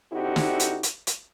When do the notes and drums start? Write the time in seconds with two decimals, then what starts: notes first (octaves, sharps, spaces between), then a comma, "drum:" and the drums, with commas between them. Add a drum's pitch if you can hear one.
0.12 D3 C4 D#4 E4 F#4 G4
0.36 drum: snare
0.60 drum: hi-hat
0.83 drum: hi-hat
1.07 drum: hi-hat